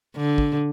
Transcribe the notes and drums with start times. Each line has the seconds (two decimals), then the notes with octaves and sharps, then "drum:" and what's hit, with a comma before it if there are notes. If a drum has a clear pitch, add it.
0.16 D3
0.38 drum: kick